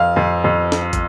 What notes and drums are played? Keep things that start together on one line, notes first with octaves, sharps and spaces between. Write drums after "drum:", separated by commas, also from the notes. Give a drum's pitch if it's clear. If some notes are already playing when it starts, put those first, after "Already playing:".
Already playing: F2 F5
F2
F2
drum: snare
drum: kick, hi-hat